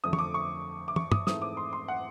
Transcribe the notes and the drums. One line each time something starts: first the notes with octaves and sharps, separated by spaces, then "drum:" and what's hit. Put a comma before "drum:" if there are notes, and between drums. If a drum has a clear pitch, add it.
F2 D3 F3 A3 C4 D#6
C#6, drum: tom
D6
C#6
D6
C#6, drum: tom
D#6, drum: tom
G#2 E3 A3 C4 D#6, drum: snare
D6
C6
C6
F#5